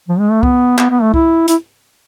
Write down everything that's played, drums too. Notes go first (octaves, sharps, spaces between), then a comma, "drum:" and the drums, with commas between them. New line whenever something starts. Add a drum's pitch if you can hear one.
F3
G#3
A3
B3, drum: kick
B3, drum: clap
B3
A3
E4, drum: kick
E4, drum: hi-hat